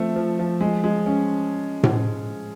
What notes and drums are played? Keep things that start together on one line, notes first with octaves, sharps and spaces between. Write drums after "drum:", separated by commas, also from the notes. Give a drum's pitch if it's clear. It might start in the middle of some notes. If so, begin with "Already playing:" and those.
Already playing: F3 A3 C4
F3
F3
G#3
G#3
C#4
drum: tom A2